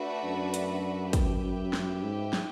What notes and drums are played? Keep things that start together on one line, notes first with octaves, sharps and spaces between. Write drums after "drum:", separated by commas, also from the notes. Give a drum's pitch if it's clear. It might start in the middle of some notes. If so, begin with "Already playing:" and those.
Already playing: A3 D4 F#4 B4 E5
F#2
drum: hi-hat
G4 B4 E5 G5, drum: kick, hi-hat
drum: snare
G#2
drum: snare